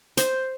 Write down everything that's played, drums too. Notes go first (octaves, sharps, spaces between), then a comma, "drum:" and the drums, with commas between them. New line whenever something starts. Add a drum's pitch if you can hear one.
C5, drum: hi-hat